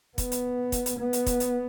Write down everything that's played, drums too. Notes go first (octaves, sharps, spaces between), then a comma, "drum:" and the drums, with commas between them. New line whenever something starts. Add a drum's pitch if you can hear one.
B3, drum: kick, hi-hat
drum: hi-hat
drum: kick, hi-hat
drum: hi-hat
B3
drum: hi-hat
drum: kick, hi-hat
drum: hi-hat